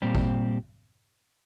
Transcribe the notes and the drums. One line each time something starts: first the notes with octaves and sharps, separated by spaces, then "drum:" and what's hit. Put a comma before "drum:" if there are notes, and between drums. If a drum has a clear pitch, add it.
A#2 G3 C4 G4
drum: kick G#1